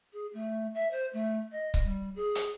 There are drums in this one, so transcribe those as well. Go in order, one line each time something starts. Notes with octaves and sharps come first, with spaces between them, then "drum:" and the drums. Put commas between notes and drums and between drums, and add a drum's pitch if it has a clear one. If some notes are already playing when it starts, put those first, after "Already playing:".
G#4
A3
E5
C5
A3
D#5
drum: kick C#1
G3
G#4
drum: hi-hat